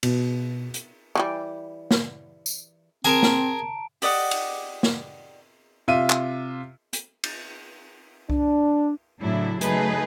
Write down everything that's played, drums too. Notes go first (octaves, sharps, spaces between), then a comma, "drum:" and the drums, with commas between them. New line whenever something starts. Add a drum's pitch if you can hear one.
B2, drum: cymbal
drum: hi-hat
E3 F#3 G3
drum: snare
drum: tambourine
C4 G#4 A#4 A5 A#5 D7
drum: snare
G4 D5 D#5 F#5, drum: open hi-hat
drum: cymbal
drum: snare
C3 F4 E5 D#7
drum: clap
drum: hi-hat
drum: cymbal
D4, drum: kick C2
A2 C#3 F#3 D4 E4
C#3 F#3 A3 D#4 G#4 B4, drum: hi-hat